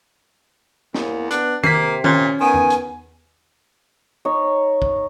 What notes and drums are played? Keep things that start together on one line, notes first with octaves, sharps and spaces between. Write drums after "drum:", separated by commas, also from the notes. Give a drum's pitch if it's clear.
E2 A#3, drum: snare
B3 D4, drum: hi-hat
C3 A#3 B6 C7, drum: tom D#3
A#2 C#4, drum: tom D#3
D#3 B3 G#5
drum: tom E2
drum: hi-hat
D#4 C#5
drum: kick